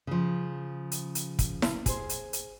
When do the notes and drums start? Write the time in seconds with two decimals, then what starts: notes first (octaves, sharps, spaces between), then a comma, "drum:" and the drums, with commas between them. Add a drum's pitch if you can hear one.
0.07 C#3 F3
0.92 drum: hi-hat
1.15 drum: hi-hat
1.39 drum: kick, hi-hat
1.62 drum: snare E4
1.86 G#4 C5, drum: kick, hi-hat
2.09 drum: hi-hat
2.33 drum: hi-hat